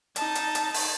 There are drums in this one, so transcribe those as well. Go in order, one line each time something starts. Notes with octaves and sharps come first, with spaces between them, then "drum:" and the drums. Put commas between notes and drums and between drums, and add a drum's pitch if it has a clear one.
D#4 A5, drum: hi-hat
drum: hi-hat
drum: hi-hat
drum: open hi-hat